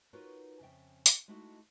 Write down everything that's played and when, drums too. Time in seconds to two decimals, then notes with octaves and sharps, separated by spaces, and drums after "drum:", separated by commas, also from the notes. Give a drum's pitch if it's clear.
0.13 D#4 F4 F#4 A#4 B4 C#5
0.60 F2 C#3 E5 G5
1.06 drum: open hi-hat
1.28 G#3 A3 D#4 E4 F#4 A4